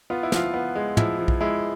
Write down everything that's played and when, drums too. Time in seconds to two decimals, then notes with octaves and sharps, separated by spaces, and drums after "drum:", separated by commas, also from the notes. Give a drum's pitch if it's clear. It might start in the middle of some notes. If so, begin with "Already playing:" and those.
0.10 B3 F4
0.23 E4
0.32 F3 F4, drum: snare
0.54 B3
0.75 G#3
0.97 F3 E4, drum: tom
1.19 F3
1.28 drum: kick B1
1.40 G#3 E4